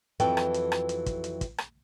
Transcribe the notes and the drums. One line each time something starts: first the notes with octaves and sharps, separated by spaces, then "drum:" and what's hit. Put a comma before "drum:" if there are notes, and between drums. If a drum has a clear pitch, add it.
F2 E3 F#3 A4 B4 G5, drum: hi-hat
drum: rim click
drum: hi-hat
drum: rim click
drum: hi-hat
drum: kick, hi-hat
drum: hi-hat
drum: kick, hi-hat
drum: rim click